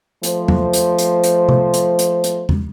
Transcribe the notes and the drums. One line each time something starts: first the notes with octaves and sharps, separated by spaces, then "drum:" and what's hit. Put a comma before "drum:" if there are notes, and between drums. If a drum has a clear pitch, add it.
F3 A3 C5, drum: hi-hat
drum: tom E2
drum: hi-hat
drum: hi-hat
drum: hi-hat
drum: tom C3
drum: hi-hat
drum: hi-hat
drum: hi-hat
drum: tom E2